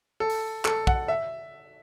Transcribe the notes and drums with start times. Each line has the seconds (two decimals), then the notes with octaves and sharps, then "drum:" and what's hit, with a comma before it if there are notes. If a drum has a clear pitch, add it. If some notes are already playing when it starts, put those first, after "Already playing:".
0.20 A4
0.30 drum: open hi-hat
0.65 A4, drum: clap
0.87 F#5, drum: kick
1.08 E5